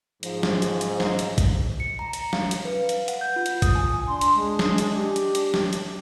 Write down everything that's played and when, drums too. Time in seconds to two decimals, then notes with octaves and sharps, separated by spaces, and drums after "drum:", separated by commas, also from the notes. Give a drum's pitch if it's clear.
0.23 G#2 F3, drum: hi-hat
0.43 drum: snare
0.62 drum: hi-hat
0.81 drum: hi-hat
1.00 drum: snare
1.19 drum: hi-hat
1.38 drum: kick, hi-hat
1.80 C#7
1.99 A#5
2.13 drum: hi-hat
2.33 F5, drum: snare
2.51 drum: hi-hat
2.65 B4
2.89 drum: hi-hat
3.08 F#5, drum: hi-hat
3.21 G6
3.36 F4
3.46 drum: hi-hat
3.62 D#6, drum: kick, hi-hat
3.75 G#5
4.08 D4 C6
4.21 drum: hi-hat
4.35 G#3
4.59 drum: snare
4.78 drum: hi-hat
4.94 G4
5.16 drum: hi-hat
5.35 drum: hi-hat
5.54 drum: snare
5.73 drum: hi-hat